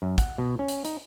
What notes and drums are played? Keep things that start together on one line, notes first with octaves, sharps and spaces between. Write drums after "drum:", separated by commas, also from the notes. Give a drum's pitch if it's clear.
F#2
F#5, drum: kick, hi-hat
B2
C#4
drum: hi-hat
D#4, drum: hi-hat